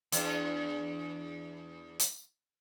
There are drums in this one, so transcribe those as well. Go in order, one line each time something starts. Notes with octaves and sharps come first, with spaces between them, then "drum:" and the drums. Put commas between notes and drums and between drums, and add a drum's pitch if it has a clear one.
E2 D4, drum: hi-hat
drum: hi-hat